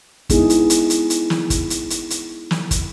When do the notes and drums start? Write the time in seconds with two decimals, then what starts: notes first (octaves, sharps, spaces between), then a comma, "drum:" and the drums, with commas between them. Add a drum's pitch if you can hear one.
0.30 G#3 B3 D#4 E4 G#4, drum: kick, hi-hat
0.50 drum: hi-hat
0.70 drum: hi-hat
0.90 drum: hi-hat
1.10 drum: hi-hat
1.30 drum: snare
1.50 drum: kick, hi-hat
1.70 drum: hi-hat
1.90 drum: hi-hat
2.10 drum: hi-hat
2.51 drum: snare
2.71 drum: kick, hi-hat